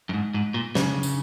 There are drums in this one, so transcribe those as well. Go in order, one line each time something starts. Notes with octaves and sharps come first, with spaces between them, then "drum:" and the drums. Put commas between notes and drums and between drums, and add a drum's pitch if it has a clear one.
F#2
G#2
G#2
A#2
C#3, drum: snare
drum: tambourine